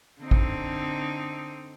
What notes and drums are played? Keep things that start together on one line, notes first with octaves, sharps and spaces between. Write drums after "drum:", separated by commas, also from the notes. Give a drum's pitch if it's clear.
D3 C4 D#4
drum: kick